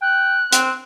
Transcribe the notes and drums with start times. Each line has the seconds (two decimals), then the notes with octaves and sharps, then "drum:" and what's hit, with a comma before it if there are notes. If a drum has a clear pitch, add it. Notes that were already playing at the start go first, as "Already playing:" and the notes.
0.02 G5 F#6
0.53 C4, drum: hi-hat